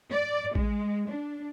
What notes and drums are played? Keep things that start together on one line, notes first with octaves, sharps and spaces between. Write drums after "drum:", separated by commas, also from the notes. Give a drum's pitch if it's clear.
D5
G#3, drum: kick A1
D4